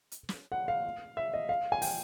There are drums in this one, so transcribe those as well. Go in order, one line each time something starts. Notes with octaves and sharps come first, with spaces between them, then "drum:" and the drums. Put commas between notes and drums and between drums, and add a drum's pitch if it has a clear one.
drum: hi-hat
drum: snare
F#5
F5
E5
D#5
F5
G#5
G5, drum: open hi-hat